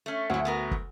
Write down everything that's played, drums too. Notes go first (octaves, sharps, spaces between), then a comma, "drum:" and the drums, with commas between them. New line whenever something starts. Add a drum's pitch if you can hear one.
A3 C#4
D2 F#3 E4
B3 F#4 A#4
drum: kick